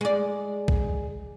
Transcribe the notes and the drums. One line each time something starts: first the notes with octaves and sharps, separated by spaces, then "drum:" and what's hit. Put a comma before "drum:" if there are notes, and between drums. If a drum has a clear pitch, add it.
G#3 D5
drum: kick A#1